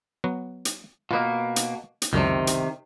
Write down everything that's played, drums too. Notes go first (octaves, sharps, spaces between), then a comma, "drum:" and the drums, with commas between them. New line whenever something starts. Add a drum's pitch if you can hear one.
F#3 B3 F#4
drum: hi-hat
B2 A#3 F4 B4 D#5
drum: hi-hat
drum: hi-hat
C#2 F#2 C3 D#3 D4
drum: hi-hat